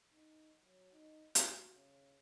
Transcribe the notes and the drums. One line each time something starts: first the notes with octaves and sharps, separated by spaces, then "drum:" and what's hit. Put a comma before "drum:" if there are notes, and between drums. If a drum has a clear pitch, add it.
D#4
F#3
D#4
F#4, drum: hi-hat
C#3